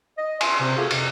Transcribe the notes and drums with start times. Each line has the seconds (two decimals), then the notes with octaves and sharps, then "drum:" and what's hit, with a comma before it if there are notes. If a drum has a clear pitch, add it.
0.18 D#5
0.41 E5 G#5 C6, drum: cymbal
0.60 C3
0.77 A3 F4 F#4 G#4
0.91 F2 C3, drum: cymbal